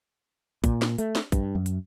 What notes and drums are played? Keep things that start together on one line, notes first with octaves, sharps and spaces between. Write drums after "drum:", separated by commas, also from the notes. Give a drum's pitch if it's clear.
A#2, drum: kick A#1, hi-hat
drum: snare
A3, drum: hi-hat
drum: snare
G2, drum: kick A#1, hi-hat
F#2
drum: hi-hat